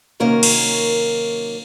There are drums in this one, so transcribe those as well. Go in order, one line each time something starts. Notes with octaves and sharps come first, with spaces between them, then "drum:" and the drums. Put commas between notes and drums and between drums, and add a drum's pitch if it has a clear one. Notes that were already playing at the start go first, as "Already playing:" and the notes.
C3 D#3 F#3 A#3 C#4 A#4
drum: cymbal